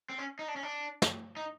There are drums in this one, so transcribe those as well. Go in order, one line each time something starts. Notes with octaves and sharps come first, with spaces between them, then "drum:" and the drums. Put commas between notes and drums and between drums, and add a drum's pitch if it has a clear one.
C4
C#4
D#4
D4
C#4
D4
drum: snare
D#4